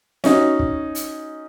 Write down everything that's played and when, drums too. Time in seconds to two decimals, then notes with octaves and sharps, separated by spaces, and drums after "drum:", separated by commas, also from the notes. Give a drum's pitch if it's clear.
0.24 C#4 D#4 F#4, drum: snare
0.59 drum: kick
0.95 drum: hi-hat